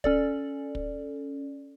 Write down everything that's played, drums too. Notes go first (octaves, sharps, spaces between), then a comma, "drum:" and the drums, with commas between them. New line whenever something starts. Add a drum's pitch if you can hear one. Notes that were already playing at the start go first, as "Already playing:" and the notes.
C#4 A4 D5, drum: kick
drum: kick